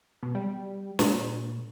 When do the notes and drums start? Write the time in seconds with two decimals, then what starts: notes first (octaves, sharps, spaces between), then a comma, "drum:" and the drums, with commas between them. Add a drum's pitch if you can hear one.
0.23 B2
0.35 G3
0.99 A#2, drum: snare